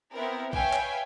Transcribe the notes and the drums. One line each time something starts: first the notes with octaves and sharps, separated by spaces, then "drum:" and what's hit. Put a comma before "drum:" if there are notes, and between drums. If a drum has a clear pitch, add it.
B3 C4 E4 A#4
B4 C#5 E5 F5 G5 G#5, drum: kick
drum: clap